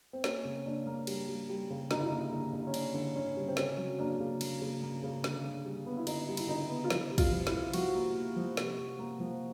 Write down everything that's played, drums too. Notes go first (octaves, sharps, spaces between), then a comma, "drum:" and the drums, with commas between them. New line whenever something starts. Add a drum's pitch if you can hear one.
C4
A#3 C#4, drum: snare
C#3
A#3 D4
A#3
G3, drum: cymbal
G3
G3
C#3
D3 D#4, drum: snare
E4
D#4
A#3
D3
D3
C#4
D3 D4, drum: cymbal
D3
D3 C#4
G3
C4
C#3 C#4, drum: snare
F#3
A#3 D4
C#3
A#3, drum: cymbal
C#3
A#3
C#3
D3, drum: snare
D3
G3
B3
E4
D3 D#4, drum: cymbal
G3
E4, drum: cymbal
D3 D#4
B3
F4
F3 E4, drum: snare
C3
F4, drum: kick, cymbal
F3
E4, drum: snare
F3
F3 F#4, drum: cymbal
A#3
A#3
F3
C3, drum: snare
C3
A#3
F3